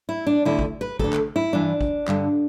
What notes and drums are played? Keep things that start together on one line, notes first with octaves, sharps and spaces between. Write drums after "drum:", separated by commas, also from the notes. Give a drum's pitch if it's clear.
E4
D4
D2 D3 E4
drum: kick G#1
B4
D2 D3 A4, drum: kick G#1
drum: clap
E4
G2 E3 D4
drum: kick G#1
G2 D3, drum: clap